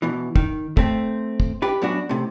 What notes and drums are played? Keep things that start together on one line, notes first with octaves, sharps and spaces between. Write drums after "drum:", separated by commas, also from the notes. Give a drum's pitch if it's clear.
E2 B2 E3
D#3, drum: kick
A3 C4, drum: kick
drum: kick
G4 B4
F#2 B3 D4 F#4
A2 C3